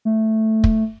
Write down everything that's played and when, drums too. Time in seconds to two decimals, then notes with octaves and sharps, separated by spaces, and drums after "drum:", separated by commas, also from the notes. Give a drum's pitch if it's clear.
0.05 A3
0.64 drum: kick